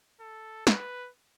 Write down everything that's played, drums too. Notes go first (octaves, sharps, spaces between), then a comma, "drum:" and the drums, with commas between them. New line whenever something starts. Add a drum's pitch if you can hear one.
A4
B4, drum: snare